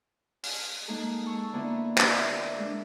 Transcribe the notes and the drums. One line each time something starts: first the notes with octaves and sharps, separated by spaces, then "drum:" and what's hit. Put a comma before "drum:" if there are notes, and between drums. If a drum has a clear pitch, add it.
F6, drum: open hi-hat
G#3 A#3 D#4 G#4 A4
A5 C#6 E6
D3 A#3 B3 D4 E4 B4
A#4 B4 D5 E5, drum: clap
G#3 D4